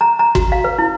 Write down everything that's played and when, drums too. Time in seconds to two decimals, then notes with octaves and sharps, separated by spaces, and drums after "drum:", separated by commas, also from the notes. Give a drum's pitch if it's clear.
0.01 A#5
0.19 A#5
0.35 F#4, drum: kick
0.52 F5
0.64 B4
0.79 E4